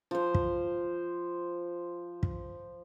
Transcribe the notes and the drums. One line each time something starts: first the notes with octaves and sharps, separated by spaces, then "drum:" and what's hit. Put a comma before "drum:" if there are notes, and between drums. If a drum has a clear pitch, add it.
F3 C5
drum: kick
drum: kick